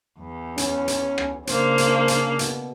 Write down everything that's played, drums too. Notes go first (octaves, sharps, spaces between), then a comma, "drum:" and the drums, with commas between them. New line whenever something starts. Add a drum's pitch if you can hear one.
E2
C#4, drum: hi-hat
drum: hi-hat
drum: rim click
C#3 A#3 D4 C5, drum: hi-hat
drum: hi-hat
drum: hi-hat
B2, drum: hi-hat